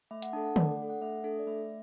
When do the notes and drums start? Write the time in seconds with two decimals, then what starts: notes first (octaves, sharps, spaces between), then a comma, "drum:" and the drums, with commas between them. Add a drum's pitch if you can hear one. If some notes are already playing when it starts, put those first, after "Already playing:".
0.11 A3 E5
0.22 F#5, drum: hi-hat
0.33 D4 A4 A5
0.45 F#5
0.56 A3 D5, drum: tom D3
0.79 D4 A4
0.89 F#5
1.02 A3 E5
1.24 D4 A4
1.39 D5
1.47 A3 E5